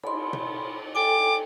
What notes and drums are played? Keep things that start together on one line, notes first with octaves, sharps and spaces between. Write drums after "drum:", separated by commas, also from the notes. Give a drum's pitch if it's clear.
B5 C6, drum: cymbal
drum: tom B2
A4 G5 G#5 D6